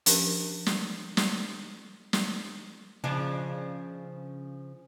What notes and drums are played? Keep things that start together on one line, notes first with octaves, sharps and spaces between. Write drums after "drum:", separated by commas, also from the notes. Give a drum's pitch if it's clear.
F3 C#4 D4 G4 A#4, drum: hi-hat
drum: snare
drum: snare
drum: snare
C#3 F3 D4